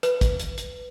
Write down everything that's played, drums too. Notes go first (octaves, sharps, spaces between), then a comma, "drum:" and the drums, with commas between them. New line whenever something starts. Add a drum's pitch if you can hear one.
B4, drum: hi-hat
drum: kick, hi-hat
drum: hi-hat
drum: hi-hat